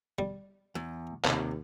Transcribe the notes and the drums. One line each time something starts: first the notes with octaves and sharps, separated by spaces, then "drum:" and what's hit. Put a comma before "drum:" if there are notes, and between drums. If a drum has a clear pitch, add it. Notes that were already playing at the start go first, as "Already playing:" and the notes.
G3
E2
D#2 C3 C5, drum: clap